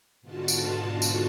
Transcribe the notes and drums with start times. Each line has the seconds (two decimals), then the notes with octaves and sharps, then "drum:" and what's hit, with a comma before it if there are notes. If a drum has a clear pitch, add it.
0.21 G#2 B2 D3 F4 F#4 A5
0.48 drum: tambourine
1.02 drum: tambourine